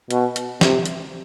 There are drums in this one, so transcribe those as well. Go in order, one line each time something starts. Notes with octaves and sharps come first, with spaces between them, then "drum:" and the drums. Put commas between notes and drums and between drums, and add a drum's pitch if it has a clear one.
B2, drum: hi-hat
drum: hi-hat
C3, drum: snare
drum: hi-hat